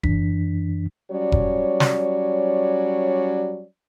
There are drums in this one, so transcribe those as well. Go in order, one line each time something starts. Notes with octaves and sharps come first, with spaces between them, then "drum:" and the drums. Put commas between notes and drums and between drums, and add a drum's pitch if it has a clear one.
F#2 E3 D4 B6, drum: kick F1
F#3 G3 C#4 C#5 D5
drum: kick F1
drum: snare